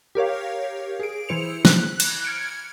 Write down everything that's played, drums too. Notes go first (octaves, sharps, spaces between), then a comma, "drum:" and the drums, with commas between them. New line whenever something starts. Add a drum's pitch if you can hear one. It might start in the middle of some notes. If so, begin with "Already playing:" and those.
G4 A#4 C#5 F5
G#4 D7
E3 E4 C5 C#7 F7
F#6, drum: snare
drum: cymbal
F6 G#6 C#7 D7